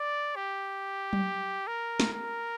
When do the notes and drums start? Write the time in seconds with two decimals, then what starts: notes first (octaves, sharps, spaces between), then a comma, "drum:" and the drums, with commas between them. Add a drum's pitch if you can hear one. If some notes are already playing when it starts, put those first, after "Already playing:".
Already playing: D5
0.36 G4
1.13 drum: tom F#3
1.67 A#4
2.00 drum: snare
2.12 A#4